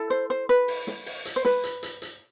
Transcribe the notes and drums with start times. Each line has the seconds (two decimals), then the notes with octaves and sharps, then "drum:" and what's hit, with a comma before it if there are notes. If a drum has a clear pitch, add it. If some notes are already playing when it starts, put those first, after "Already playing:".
Already playing: E4 A4
0.10 C5
0.30 C5
0.49 B4
0.68 drum: open hi-hat
0.87 drum: snare
1.06 drum: open hi-hat
1.25 drum: hi-hat
1.36 C5
1.45 B4, drum: snare
1.64 drum: hi-hat
1.83 drum: hi-hat
2.02 drum: hi-hat